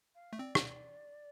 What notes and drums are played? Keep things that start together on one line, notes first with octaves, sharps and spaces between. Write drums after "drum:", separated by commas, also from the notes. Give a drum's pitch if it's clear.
F5
A3
C4 D5
drum: rim click